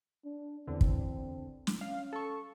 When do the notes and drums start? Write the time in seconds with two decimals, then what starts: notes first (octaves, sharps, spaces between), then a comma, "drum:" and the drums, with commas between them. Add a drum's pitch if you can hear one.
0.25 D4
0.67 E2 D3 C4
0.81 drum: kick
1.67 drum: snare
1.81 C#4 F5
2.13 A4 C#6